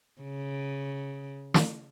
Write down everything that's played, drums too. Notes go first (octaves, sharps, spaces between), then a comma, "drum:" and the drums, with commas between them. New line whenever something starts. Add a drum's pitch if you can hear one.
C#3
drum: snare